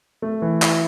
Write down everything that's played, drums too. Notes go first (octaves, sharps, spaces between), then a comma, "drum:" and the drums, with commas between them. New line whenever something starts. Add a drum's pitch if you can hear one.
A3
E3
E4, drum: clap